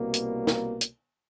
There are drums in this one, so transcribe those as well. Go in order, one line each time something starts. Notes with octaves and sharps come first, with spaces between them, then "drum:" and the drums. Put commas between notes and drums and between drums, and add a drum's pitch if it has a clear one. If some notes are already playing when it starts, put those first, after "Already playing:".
Already playing: C2 B2 G3 A#3
drum: hi-hat
drum: snare
drum: hi-hat